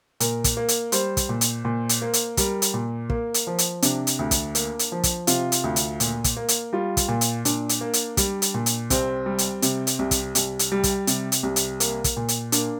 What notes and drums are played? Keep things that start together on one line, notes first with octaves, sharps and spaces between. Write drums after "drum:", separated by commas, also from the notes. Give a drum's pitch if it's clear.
A#2 A#4, drum: hi-hat
drum: kick, hi-hat
A#3
drum: hi-hat
G3 C5, drum: hi-hat
drum: kick, hi-hat
A#2
drum: hi-hat
A#2
drum: hi-hat
A#3
drum: hi-hat
G3 A#4, drum: kick, hi-hat
drum: hi-hat
A#2
A#3, drum: kick
drum: hi-hat
F3
drum: hi-hat
C3 D4, drum: hi-hat
drum: hi-hat
D2
drum: kick, hi-hat
A#3, drum: hi-hat
drum: hi-hat
F3
drum: kick, hi-hat
C3 F4, drum: hi-hat
drum: hi-hat
D2
drum: hi-hat
A#2, drum: hi-hat
drum: kick, hi-hat
A#3
drum: hi-hat
G3 F4
drum: kick, hi-hat
A#2
drum: hi-hat
A#2 D4, drum: hi-hat
drum: hi-hat
A#3
drum: hi-hat
G3, drum: kick, hi-hat
drum: hi-hat
A#2
drum: hi-hat
C2 C4, drum: kick, hi-hat
G3
drum: hi-hat
C3, drum: hi-hat
drum: hi-hat
C2
drum: kick, hi-hat
C2, drum: hi-hat
drum: hi-hat
G3
drum: kick, hi-hat
C3, drum: hi-hat
drum: hi-hat
C2
drum: hi-hat
A#3, drum: hi-hat
drum: kick, hi-hat
A#2
drum: hi-hat
A#3 D4, drum: hi-hat